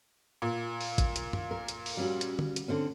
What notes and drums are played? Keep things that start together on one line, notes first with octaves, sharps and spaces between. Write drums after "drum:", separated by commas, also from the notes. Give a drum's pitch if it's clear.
A#2
drum: open hi-hat
drum: kick A1, hi-hat
drum: hi-hat
drum: tom F#2
A#4
drum: hi-hat
drum: open hi-hat
G3 C#4 F#4
drum: hi-hat
drum: tom D3
drum: hi-hat
D3 C4 C#4